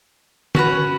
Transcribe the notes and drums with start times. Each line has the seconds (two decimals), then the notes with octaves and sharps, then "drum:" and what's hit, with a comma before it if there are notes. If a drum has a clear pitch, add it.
0.55 C#4 F#4 B4, drum: tom D3